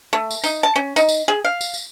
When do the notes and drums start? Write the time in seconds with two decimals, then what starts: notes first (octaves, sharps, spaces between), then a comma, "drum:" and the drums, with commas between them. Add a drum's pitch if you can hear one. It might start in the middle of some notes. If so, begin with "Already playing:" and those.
0.13 A3
0.31 drum: tambourine
0.44 D#4, drum: tambourine
0.63 A5
0.76 C#4
0.96 D#4, drum: tambourine
1.09 drum: tambourine
1.28 G#4
1.45 F5
1.61 drum: tambourine
1.74 drum: tambourine